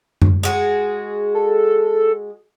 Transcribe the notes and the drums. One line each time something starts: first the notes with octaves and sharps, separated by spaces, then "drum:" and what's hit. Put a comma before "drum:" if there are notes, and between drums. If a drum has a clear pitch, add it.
drum: tom F#2
G#3 F#4 G#4
A4